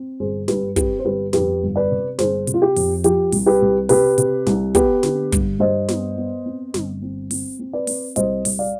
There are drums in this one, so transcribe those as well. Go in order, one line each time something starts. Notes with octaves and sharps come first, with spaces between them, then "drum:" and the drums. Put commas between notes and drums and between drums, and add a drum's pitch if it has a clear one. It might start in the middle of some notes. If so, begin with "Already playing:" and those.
Already playing: C4
G1 G#4 C5
G2 G4 B4, drum: snare
C4 G4 B4, drum: kick, hi-hat
C5
G1 G4 B4
F2 G4 B4, drum: snare
G1
B4 D5
C3
G1 G#4 C5, drum: snare
C3, drum: hi-hat
F4
G4
F2, drum: open hi-hat
F3 G4, drum: hi-hat
C2, drum: open hi-hat
G4 B4
C2
C3 G4 B4, drum: open hi-hat
C3, drum: hi-hat
C2, drum: snare
B3 G4 B4, drum: kick, hi-hat
D3, drum: snare
G2, drum: kick, hi-hat
G2 C5 D#5
B3, drum: snare
B3
C4
G1, drum: snare
C4
C4, drum: open hi-hat
C4
B4 D5
C4, drum: open hi-hat
C2 C5 D#5, drum: hi-hat
C2, drum: open hi-hat
D5 F5